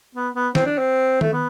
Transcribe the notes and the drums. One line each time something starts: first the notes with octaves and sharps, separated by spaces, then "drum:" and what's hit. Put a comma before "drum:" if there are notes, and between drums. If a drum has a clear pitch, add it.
B3
B3
C4, drum: snare
D4
C4
A3, drum: tom D#3
B3